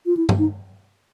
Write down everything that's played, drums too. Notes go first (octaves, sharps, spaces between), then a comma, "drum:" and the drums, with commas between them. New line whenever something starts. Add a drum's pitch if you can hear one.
F4
E4
drum: tom G2
D#4